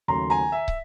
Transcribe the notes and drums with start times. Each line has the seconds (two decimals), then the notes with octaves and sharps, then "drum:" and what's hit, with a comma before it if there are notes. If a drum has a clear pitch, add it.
0.08 D#2 C#3 F#3 A3 A#5 C6
0.30 G#5 A#5
0.52 E5
0.68 drum: kick